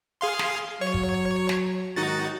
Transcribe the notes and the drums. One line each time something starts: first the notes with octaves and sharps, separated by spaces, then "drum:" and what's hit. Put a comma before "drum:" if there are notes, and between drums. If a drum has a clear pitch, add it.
G#4 F5 C6
drum: snare
F#3 C#5
drum: kick
drum: snare
G#2 D#3 D#4 F#4 A6